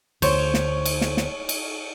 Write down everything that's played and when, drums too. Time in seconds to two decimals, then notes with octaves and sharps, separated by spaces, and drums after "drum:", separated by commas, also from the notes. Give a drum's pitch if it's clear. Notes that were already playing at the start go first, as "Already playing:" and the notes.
0.22 D2 C5 C#5, drum: cymbal
0.54 drum: snare
0.86 drum: cymbal
1.01 drum: snare
1.17 drum: snare
1.49 drum: cymbal